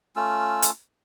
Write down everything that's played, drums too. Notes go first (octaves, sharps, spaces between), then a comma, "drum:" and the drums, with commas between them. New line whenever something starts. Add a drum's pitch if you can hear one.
A3 C#4 F4 E6
drum: hi-hat